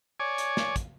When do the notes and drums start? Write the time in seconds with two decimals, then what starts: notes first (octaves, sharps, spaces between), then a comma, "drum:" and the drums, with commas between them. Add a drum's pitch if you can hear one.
0.20 C#5 D5 G#5
0.38 drum: hi-hat
0.57 drum: snare
0.76 drum: kick, hi-hat